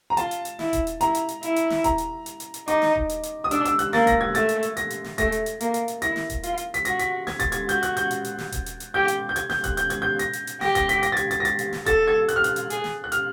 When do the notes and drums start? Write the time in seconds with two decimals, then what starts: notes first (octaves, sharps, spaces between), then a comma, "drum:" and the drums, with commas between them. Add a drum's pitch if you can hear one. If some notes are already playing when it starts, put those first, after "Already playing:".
0.10 A#5
0.17 F4 A5, drum: hi-hat
0.31 drum: hi-hat
0.45 drum: hi-hat
0.59 E4, drum: snare
0.73 drum: kick D#1, hi-hat
0.87 drum: hi-hat
1.01 E4 A#5, drum: hi-hat
1.15 drum: hi-hat
1.29 drum: hi-hat
1.43 E4, drum: hi-hat
1.56 drum: hi-hat
1.70 drum: snare
1.84 A#5, drum: kick D#1, hi-hat
1.98 drum: hi-hat
2.26 drum: hi-hat
2.40 drum: hi-hat
2.54 drum: hi-hat
2.68 D#4 D6, drum: hi-hat
2.82 drum: snare
2.96 drum: kick D#1
3.09 drum: hi-hat
3.23 drum: hi-hat
3.44 D#6
3.51 D4 E6, drum: hi-hat
3.65 E6, drum: hi-hat
3.79 F#6, drum: hi-hat
3.93 A#3 A6, drum: snare
4.07 A#6, drum: kick D#1, hi-hat
4.21 G#6
4.35 A3 A6, drum: hi-hat
4.49 drum: hi-hat
4.63 drum: hi-hat
4.77 A#6, drum: hi-hat
4.90 drum: hi-hat
5.04 drum: snare
5.18 A3 A#6, drum: kick D#1, hi-hat
5.32 drum: hi-hat
5.46 drum: hi-hat
5.61 A#3, drum: hi-hat
5.74 drum: hi-hat
5.88 drum: hi-hat
6.02 E4 A#6, drum: hi-hat
6.16 drum: snare
6.30 drum: kick D#1, hi-hat
6.43 F4, drum: hi-hat
6.57 drum: hi-hat
6.74 B6, drum: hi-hat
6.85 F#4 A#6, drum: hi-hat
6.99 B6, drum: hi-hat
7.27 G#6, drum: snare
7.40 A6, drum: kick D#1, hi-hat
7.52 G#6, drum: hi-hat
7.69 F#4 G6, drum: hi-hat
7.83 F#6, drum: hi-hat
7.97 G6, drum: hi-hat
8.11 drum: hi-hat
8.25 drum: hi-hat
8.38 drum: snare
8.52 drum: kick D#1, hi-hat
8.66 drum: hi-hat
8.80 drum: hi-hat
8.94 G4 G6
9.08 drum: hi-hat
9.29 G6
9.36 G#6, drum: hi-hat
9.50 G6, drum: snare
9.64 F#6, drum: kick D#1, hi-hat
9.77 G6, drum: hi-hat
9.90 G#6, drum: hi-hat
10.02 G6
10.19 A#6, drum: hi-hat
10.33 drum: hi-hat
10.47 drum: hi-hat
10.61 G4 A#6, drum: snare
10.75 A#6, drum: kick D#1, hi-hat
10.89 B6, drum: hi-hat
11.03 A#6, drum: hi-hat
11.12 A6
11.17 G#6, drum: hi-hat
11.31 A6, drum: hi-hat
11.40 A#6
11.45 A6, drum: hi-hat
11.59 drum: hi-hat
11.73 drum: snare
11.86 A4 A6, drum: kick D#1, hi-hat
12.08 G#6
12.29 F#6, drum: hi-hat
12.36 F6
12.44 F#6, drum: hi-hat
12.56 drum: hi-hat
12.70 G#4, drum: hi-hat
12.84 drum: snare
13.04 F#6
13.12 F6, drum: hi-hat